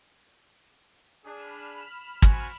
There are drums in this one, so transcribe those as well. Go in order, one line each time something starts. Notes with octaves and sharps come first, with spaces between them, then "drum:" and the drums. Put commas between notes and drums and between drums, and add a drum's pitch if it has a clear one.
D4 G#4 B5 F6 E7
C4 F#4 G#5, drum: kick G#1